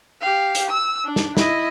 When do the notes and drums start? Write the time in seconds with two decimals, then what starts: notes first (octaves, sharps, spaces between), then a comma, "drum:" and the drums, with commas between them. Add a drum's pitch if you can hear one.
0.21 G4 F5
0.55 drum: hi-hat
0.69 E6
1.05 D4
1.16 drum: snare
1.37 E4 D#5, drum: snare